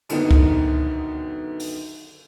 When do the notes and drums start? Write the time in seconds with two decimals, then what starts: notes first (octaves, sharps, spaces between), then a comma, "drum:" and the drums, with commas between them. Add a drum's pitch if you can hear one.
0.09 F#2 D3 D#3 B3 D#4, drum: cymbal
0.31 drum: kick C#2
1.60 drum: open hi-hat